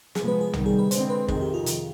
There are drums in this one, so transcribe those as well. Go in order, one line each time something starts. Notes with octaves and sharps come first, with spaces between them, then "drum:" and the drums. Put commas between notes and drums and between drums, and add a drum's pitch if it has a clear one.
C3 F3 G#3 B3 G#4, drum: snare
B4
G#4
C3 D#3 G3, drum: tom B1
G#4
B4
D3 G#3 C4 C5, drum: hi-hat
B4
F2 C3 D#3 G#4, drum: kick
G4
F4
drum: hi-hat